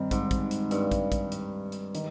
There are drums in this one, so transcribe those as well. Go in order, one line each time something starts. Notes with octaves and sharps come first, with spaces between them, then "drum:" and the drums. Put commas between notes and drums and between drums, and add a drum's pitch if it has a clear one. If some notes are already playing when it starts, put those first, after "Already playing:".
Already playing: G2 D#3 G3 C4 D#4
G#2, drum: kick, hi-hat
drum: kick, hi-hat
drum: hi-hat
G2, drum: hi-hat
drum: kick, hi-hat
drum: kick, hi-hat
drum: hi-hat
drum: hi-hat
D#3, drum: hi-hat